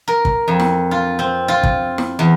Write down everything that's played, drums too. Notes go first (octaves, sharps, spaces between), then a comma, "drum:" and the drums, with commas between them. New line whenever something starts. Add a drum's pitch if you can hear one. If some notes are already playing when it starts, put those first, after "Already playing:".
A#4
drum: kick
F2
drum: snare
F4
C4
F4
drum: kick
drum: snare
E2